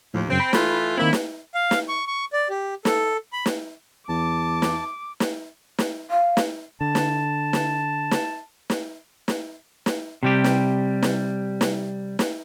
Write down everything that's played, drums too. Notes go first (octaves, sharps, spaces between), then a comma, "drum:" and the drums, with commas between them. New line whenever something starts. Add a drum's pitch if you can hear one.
D#2 A2 F3
F#2 C#3 C4
B5
E3 A3 F4, drum: snare
D#3 A#3 C4 E4
drum: snare
F5
drum: snare
C#6
C#6
D5
G4
A4, drum: snare
B5
drum: snare
E2 A5 D6
drum: snare
drum: snare
drum: snare
F5
drum: snare
D3 A5
drum: snare
drum: snare
drum: snare
drum: snare
drum: snare
drum: snare
C3 G3 G4
drum: snare
drum: snare
drum: snare
drum: snare